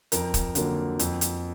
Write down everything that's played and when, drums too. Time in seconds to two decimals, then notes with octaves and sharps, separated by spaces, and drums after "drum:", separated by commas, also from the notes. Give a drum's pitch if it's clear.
0.12 F2 A#4, drum: hi-hat
0.34 drum: kick, hi-hat
0.55 D3 F#3 A#3, drum: hi-hat
0.99 F2, drum: hi-hat
1.21 drum: hi-hat